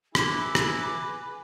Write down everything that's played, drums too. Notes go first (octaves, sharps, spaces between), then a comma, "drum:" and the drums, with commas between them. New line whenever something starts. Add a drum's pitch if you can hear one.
E4 G#4 B4 D6, drum: rim click
drum: rim click